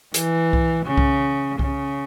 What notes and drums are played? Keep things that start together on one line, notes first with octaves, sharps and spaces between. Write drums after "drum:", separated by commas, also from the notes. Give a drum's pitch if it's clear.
E3, drum: hi-hat
drum: kick C2
C#3
drum: kick C2
C#3, drum: kick C2